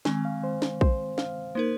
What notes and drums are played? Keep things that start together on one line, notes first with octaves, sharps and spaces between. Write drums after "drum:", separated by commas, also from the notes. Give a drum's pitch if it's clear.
D#3 G#3 C4 G#5, drum: snare
F5
C5
drum: snare
C5, drum: kick A#1
F5, drum: snare
A#3 D#4 A#4 C5